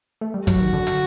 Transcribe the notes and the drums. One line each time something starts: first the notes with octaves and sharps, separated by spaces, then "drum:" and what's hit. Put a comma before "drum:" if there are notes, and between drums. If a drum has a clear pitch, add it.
A3
G3
F#3 F#4, drum: kick, hi-hat
D#3
D3
drum: hi-hat